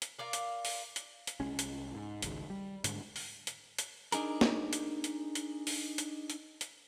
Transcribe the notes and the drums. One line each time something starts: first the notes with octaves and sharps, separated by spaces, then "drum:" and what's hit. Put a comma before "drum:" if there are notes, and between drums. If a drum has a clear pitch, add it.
drum: hi-hat
F4 A#4 D5 F5
drum: hi-hat
drum: open hi-hat
drum: hi-hat
drum: hi-hat
C2 G#3 C#4
drum: hi-hat
G#2
G#1 C#2 G#2, drum: hi-hat
G3
G#2 D3, drum: hi-hat
drum: open hi-hat
drum: hi-hat
drum: hi-hat
D4 D#4 G#4 A#4, drum: hi-hat
drum: snare
drum: hi-hat
drum: hi-hat
drum: hi-hat
drum: open hi-hat
drum: hi-hat
drum: hi-hat
drum: hi-hat